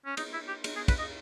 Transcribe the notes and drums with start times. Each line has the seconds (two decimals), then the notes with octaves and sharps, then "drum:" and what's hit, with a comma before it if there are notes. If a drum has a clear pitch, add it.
0.05 C#4
0.17 D#4, drum: cymbal
0.33 E4
0.48 G4
0.64 drum: cymbal
0.76 G#4
0.88 B4, drum: kick, cymbal
0.99 D#5